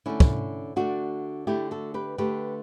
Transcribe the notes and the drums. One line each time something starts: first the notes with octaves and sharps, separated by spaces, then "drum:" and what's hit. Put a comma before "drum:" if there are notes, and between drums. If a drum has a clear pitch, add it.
D3 A3 C#4 E4
drum: kick
D3 A3 D4 F#4
D3 A3 E4 G4
F#4 A4
G4 B4
D3 A3 G4 B4